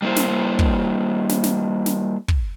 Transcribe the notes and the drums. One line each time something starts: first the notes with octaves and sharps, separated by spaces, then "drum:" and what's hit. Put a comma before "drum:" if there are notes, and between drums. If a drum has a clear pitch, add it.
G3 A#3 D#4 E4 C5
drum: snare
drum: kick
drum: snare
drum: snare
drum: snare
drum: kick